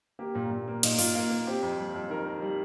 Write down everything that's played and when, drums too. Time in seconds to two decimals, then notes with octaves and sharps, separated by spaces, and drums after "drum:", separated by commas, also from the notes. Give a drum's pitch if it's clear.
0.19 A#3 G4
0.35 A#2
0.51 A#2
0.68 A#3
0.83 A#2 D#4, drum: cymbal
0.99 A#2 F4, drum: open hi-hat
1.14 A#3 F5
1.31 A#3
1.47 C4 G4
1.62 F2
1.78 G3
1.94 F2
2.10 D#3 A#4
2.26 D#3
2.42 G3